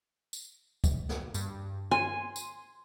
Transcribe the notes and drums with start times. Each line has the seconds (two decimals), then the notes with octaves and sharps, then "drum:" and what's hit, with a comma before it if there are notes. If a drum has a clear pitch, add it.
0.33 drum: tambourine
0.84 drum: kick C#2, tambourine
1.09 drum: snare
1.34 G2, drum: tambourine
1.91 G#5 C6
2.36 drum: tambourine